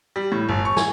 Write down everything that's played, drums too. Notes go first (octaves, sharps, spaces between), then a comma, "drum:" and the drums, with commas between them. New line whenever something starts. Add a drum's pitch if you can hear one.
G3
A2
G1
C#6
G#5, drum: snare